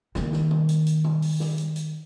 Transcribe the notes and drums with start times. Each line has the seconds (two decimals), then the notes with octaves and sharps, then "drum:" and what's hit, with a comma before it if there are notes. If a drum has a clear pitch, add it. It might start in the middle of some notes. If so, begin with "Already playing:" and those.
0.15 D#3 A#3, drum: snare
0.33 drum: snare
0.51 drum: tom B2
0.69 drum: hi-hat
0.86 drum: hi-hat
1.04 drum: tom B2
1.22 drum: open hi-hat
1.40 drum: snare
1.58 drum: hi-hat
1.76 drum: hi-hat